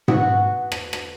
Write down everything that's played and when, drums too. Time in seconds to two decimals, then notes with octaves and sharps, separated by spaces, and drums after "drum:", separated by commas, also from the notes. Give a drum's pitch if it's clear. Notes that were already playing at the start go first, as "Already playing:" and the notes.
0.08 B3 F#4 F#5, drum: tom G#2
0.72 drum: rim click
0.93 drum: rim click